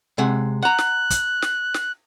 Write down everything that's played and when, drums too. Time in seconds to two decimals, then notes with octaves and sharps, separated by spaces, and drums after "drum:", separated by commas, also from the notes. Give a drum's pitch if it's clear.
0.18 C3 G#3 F#5
0.62 F#5 A#5 F#6
0.78 drum: snare
1.10 drum: kick, hi-hat
1.42 drum: snare
1.74 drum: snare